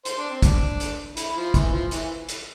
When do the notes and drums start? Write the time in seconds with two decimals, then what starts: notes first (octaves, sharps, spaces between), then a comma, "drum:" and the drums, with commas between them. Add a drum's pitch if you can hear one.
0.05 C5, drum: hi-hat
0.18 D4
0.30 C4
0.42 D4, drum: kick, hi-hat
0.80 drum: hi-hat
1.17 E4, drum: hi-hat
1.36 F3
1.54 E3, drum: kick, hi-hat
1.72 F3
1.91 E3, drum: hi-hat
2.29 drum: hi-hat